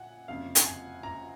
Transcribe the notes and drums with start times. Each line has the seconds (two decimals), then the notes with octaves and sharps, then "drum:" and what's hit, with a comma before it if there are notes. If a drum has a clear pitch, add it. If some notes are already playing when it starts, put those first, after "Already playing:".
Already playing: A#2 F#5 G#5
0.28 F#1 F2 C3 F5
0.55 F#5, drum: hi-hat
0.66 G#5
1.03 A#5